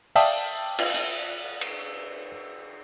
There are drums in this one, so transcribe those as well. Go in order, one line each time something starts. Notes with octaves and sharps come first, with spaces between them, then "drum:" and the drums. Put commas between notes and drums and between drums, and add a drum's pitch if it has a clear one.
D5 E5 F5 G5 A5 D#6, drum: open hi-hat
drum: cymbal
drum: hi-hat
drum: cymbal